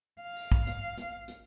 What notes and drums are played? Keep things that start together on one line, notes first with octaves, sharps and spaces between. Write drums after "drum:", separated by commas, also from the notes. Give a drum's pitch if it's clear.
F5
drum: open hi-hat
drum: kick
drum: hi-hat
drum: hi-hat
drum: hi-hat